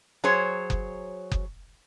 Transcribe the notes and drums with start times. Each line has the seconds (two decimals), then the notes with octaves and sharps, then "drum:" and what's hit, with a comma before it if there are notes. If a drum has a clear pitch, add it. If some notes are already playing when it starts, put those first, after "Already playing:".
0.24 F#3 G#4 C5 C#5
0.70 drum: kick F#1
1.32 drum: kick F#1